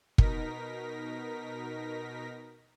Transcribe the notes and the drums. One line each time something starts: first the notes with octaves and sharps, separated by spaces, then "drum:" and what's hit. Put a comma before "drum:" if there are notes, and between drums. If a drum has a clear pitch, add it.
B2 D#4 A#4 A#6 B6, drum: kick